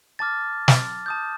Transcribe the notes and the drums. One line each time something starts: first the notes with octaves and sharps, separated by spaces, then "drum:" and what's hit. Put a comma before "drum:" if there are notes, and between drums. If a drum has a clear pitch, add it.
A5 D6 F6 A6
drum: snare
A5 D#6 G6